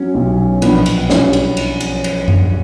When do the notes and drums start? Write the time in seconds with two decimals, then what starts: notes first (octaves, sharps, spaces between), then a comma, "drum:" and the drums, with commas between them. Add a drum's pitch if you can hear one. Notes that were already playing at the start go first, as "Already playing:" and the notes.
Already playing: F#3 C#4
0.14 B1
0.62 A#1 B3, drum: cymbal
0.86 drum: cymbal
1.10 G3 C#4, drum: snare
1.33 drum: cymbal
1.57 drum: cymbal
1.80 drum: cymbal
2.04 drum: cymbal
2.28 drum: tom F#2